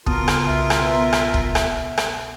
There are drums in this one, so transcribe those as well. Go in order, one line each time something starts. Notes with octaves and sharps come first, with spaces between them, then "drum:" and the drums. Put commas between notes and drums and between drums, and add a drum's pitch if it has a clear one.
C#3 B3 F4 F#4 A#4 A5 D#6, drum: kick
drum: rim click
C2 B2 E5
drum: rim click
B3
drum: rim click
drum: kick
drum: rim click
drum: rim click